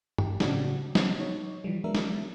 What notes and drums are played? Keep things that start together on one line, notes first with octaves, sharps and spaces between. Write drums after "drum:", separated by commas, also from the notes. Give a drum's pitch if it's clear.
G4, drum: tom
A2 C#3 C4 D4 F#4 G4, drum: snare
F#3 G3 B3 C4 F#4 D#5, drum: snare
D#4 C#5
E3 F3 G3
F#3 G#3 B3 D4 A#4 E5
drum: snare